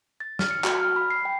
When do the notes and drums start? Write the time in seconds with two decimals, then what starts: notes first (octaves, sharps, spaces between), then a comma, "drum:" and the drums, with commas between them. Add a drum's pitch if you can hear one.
0.20 A6
0.39 F6, drum: snare
0.51 C#7
0.64 F#4, drum: clap
0.80 F6
0.96 B5
1.10 C7
1.25 G5